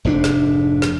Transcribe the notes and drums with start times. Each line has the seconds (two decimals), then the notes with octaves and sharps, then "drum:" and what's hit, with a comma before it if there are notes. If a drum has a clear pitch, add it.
0.05 F1 G#2 C4 D4
0.24 drum: snare
0.82 drum: snare